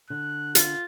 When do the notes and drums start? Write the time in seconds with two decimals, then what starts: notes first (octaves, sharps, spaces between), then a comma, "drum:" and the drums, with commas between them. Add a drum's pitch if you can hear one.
0.10 D3 F#6
0.55 F4, drum: hi-hat